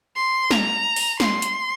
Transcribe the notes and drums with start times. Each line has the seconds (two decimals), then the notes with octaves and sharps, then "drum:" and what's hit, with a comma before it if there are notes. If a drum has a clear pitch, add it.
0.16 C6
0.51 A#5, drum: snare
0.96 drum: open hi-hat
1.20 C6, drum: snare
1.42 drum: hi-hat